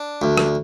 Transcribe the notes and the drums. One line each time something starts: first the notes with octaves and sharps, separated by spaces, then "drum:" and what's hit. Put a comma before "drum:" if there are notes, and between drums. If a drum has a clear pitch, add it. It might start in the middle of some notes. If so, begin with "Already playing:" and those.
Already playing: D4
D2
drum: rim click